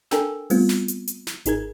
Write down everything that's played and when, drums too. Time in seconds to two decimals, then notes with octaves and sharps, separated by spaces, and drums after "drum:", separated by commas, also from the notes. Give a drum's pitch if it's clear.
0.11 D4 A4 A#4 G5 G#5 E6, drum: snare
0.50 G3 A3 B3 C4 F4, drum: open hi-hat
0.69 drum: snare
0.88 drum: hi-hat
1.07 drum: hi-hat
1.27 drum: snare
1.46 G#1 D#4 G#4 A#4 G#6, drum: hi-hat